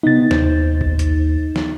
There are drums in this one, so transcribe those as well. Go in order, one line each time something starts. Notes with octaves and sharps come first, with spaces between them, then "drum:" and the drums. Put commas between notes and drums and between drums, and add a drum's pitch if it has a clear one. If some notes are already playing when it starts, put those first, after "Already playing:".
C3 B3 D#4 A6
D#2 C5, drum: snare
drum: kick A#1
drum: hi-hat
drum: snare